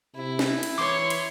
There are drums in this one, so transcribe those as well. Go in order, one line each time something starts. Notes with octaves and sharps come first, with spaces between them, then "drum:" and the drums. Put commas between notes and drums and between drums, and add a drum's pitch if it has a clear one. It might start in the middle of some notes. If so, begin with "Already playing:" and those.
C3 E4
drum: snare
drum: cymbal
E3 C#5 C6 D6
drum: cymbal